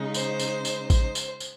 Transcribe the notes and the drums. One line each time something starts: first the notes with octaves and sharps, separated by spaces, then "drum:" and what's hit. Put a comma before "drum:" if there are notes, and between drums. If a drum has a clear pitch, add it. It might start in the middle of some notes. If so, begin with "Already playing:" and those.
Already playing: C#3 G#3 D#4
C5, drum: tambourine
drum: tambourine
drum: tambourine
C5, drum: kick A1, tambourine
drum: tambourine
drum: tambourine